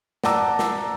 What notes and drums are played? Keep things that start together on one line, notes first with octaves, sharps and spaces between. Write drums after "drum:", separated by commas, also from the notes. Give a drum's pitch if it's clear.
D5 F#5 A5 A#5 D6 E6, drum: snare
drum: snare